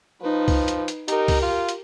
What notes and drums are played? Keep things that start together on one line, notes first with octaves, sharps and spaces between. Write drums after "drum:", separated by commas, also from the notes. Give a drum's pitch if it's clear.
F3 D#4 B4
drum: kick, open hi-hat
drum: hi-hat
drum: hi-hat
D#4 G4 A#4, drum: hi-hat
drum: kick, open hi-hat
F4
drum: hi-hat